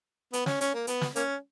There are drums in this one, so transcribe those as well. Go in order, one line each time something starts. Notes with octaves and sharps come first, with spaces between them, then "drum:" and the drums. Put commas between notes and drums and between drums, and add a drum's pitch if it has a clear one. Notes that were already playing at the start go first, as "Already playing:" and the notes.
B3, drum: hi-hat
C#4, drum: snare
C#4, drum: hi-hat
A#3
B3, drum: hi-hat
drum: snare
A#3 C#4, drum: hi-hat